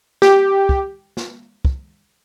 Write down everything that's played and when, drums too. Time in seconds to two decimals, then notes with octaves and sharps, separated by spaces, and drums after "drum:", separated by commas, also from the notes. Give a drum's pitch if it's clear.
0.22 G4, drum: snare
0.69 drum: kick
1.17 drum: snare
1.65 drum: kick